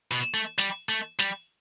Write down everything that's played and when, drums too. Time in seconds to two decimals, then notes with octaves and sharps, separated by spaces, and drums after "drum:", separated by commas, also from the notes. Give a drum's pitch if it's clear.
0.11 B2
0.34 A3
0.58 G3, drum: snare
0.89 A3
1.19 G3, drum: snare